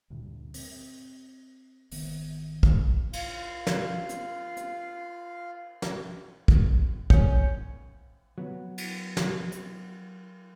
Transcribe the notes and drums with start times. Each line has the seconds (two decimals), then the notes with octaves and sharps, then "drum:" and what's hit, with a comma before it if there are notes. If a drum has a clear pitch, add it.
0.10 D2 G2 A#2
0.54 C4, drum: open hi-hat
1.91 G#1 D#3 B3, drum: open hi-hat
2.63 drum: kick
3.13 F4 F5, drum: cymbal
3.67 drum: snare
4.10 drum: hi-hat
4.57 drum: hi-hat
5.82 drum: snare
6.48 drum: kick
7.10 C#4 G6 C#7, drum: kick
8.38 F#3 B3
8.78 drum: cymbal
9.17 drum: snare
9.52 drum: hi-hat